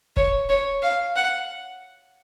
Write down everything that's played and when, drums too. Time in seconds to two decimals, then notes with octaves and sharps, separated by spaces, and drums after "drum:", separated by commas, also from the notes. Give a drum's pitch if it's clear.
0.17 C#5, drum: kick
0.49 C#5
0.82 F5
1.16 F#5